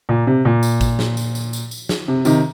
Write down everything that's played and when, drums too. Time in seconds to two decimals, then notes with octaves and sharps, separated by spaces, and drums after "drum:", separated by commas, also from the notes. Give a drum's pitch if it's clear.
0.09 A#2
0.27 C3
0.45 A#2
0.63 drum: tambourine
0.81 drum: kick, tambourine
0.99 drum: snare
1.17 drum: tambourine
1.35 drum: tambourine
1.53 drum: tambourine
1.71 drum: tambourine
1.89 drum: snare
2.08 C3
2.25 C3 D#3, drum: tambourine